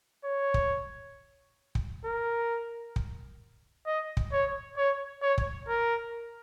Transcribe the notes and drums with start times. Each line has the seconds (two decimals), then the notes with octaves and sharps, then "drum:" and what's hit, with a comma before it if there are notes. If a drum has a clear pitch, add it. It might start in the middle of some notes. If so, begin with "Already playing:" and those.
0.25 C#5
0.54 drum: kick
1.75 drum: kick
2.05 A#4
2.96 drum: kick
3.86 D#5
4.17 drum: kick
4.32 C#5
4.77 C#5
5.22 C#5
5.38 drum: kick
5.68 A#4